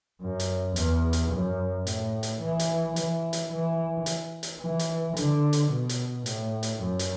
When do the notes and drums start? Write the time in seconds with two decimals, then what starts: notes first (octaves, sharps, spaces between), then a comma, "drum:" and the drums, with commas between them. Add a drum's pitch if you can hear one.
0.21 F#2
0.40 drum: hi-hat
0.76 E2, drum: hi-hat
1.13 drum: hi-hat
1.31 F#2
1.87 A2, drum: hi-hat
2.23 drum: hi-hat
2.41 E3
2.59 drum: hi-hat
2.96 E3, drum: hi-hat
3.33 drum: hi-hat
3.52 E3
4.06 drum: hi-hat
4.43 drum: hi-hat
4.61 E3
4.79 drum: hi-hat
5.17 D3, drum: hi-hat
5.53 drum: hi-hat
5.71 B2
5.89 drum: hi-hat
6.26 A2, drum: hi-hat
6.63 drum: hi-hat
6.81 F#2
6.99 drum: hi-hat